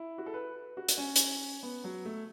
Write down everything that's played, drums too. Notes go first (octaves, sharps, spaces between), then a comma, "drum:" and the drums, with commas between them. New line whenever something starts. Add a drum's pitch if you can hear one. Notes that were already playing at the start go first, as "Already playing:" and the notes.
Already playing: E4
F#4
A4
B4
F#4
drum: hi-hat
C#4
drum: hi-hat
B3
F#3
A3